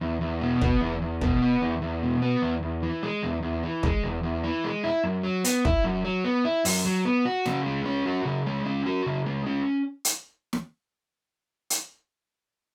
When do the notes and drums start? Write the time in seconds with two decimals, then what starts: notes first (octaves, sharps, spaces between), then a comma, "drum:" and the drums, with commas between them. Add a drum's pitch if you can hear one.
0.01 E2
0.21 E2
0.41 B2
0.62 B3, drum: kick
0.81 E2
1.02 E2
1.21 B2, drum: kick
1.42 B3
1.62 E2
1.82 E2
2.02 B2
2.22 B3
2.42 E2
2.63 E2
2.82 E3
3.03 G#3
3.23 E2
3.43 E2
3.63 E3
3.83 G#3, drum: kick
4.04 E2
4.23 E2
4.44 E3
4.64 G#3
4.84 E4
5.04 F#2
5.24 F#3
5.44 B3, drum: hi-hat
5.65 E4, drum: kick
5.84 F#2
6.05 F#3
6.24 B3
6.45 E4
6.65 F#2, drum: open hi-hat
6.85 F#3
7.05 B3
7.25 F#4
7.46 C#3, drum: snare
7.66 G#3
7.85 C#4
8.06 F#4
8.25 C#3
8.46 G#3
8.66 C#4
8.86 F#4
9.06 C#3
9.26 G#3
9.46 C#4
10.05 drum: hi-hat
10.53 drum: snare
11.70 drum: hi-hat